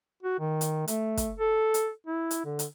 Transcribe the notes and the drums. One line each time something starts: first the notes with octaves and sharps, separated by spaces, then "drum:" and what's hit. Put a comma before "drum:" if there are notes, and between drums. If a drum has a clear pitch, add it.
F#4
D#3
drum: hi-hat
A3, drum: hi-hat
drum: kick, hi-hat
A4
drum: hi-hat
E4
drum: hi-hat
D3
drum: hi-hat